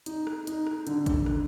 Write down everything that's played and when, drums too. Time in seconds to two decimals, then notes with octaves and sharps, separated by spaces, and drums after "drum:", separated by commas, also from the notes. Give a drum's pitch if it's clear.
0.06 D#4, drum: hi-hat
0.27 drum: rim click
0.47 D#4, drum: hi-hat
0.67 drum: rim click
0.87 D3, drum: hi-hat
1.06 drum: kick G#1, hi-hat
1.26 drum: rim click